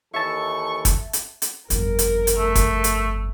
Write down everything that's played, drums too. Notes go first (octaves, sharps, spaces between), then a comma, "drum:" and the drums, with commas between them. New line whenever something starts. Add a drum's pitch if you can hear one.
D#2 E3 A4 E5 A5 C#6
drum: kick, hi-hat
drum: hi-hat
drum: hi-hat
G1 F2 A#4, drum: hi-hat
drum: hi-hat
drum: hi-hat
A3
drum: kick, hi-hat
drum: hi-hat